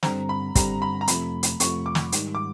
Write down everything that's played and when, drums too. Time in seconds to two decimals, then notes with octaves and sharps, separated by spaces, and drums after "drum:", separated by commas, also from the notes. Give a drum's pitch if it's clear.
0.03 G2 D3 G3 C4 A#5, drum: snare
0.29 B5
0.55 G2 D3 G3 C4 A#5, drum: kick, hi-hat
0.82 B5
1.01 A#5
1.08 F2 C3 F3 A3 B5, drum: hi-hat
1.43 drum: hi-hat
1.60 F2 C3 F3 A3 C#6, drum: hi-hat
1.86 D6
1.95 drum: snare
2.12 G#2 D#3 G3, drum: hi-hat
2.35 D6